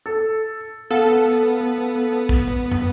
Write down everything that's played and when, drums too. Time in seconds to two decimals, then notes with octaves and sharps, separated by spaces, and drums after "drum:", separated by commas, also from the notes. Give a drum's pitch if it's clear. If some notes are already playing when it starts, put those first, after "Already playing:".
0.06 A4
0.91 B3 A4 F5 F#5
2.29 drum: kick
2.71 drum: tom